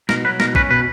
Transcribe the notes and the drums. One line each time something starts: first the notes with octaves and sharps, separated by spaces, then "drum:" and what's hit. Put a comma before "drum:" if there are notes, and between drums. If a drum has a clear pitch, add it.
B2 A#4, drum: snare
F#3 B4
B2 A#4, drum: snare
C#4 B4, drum: kick A#1
B2 B4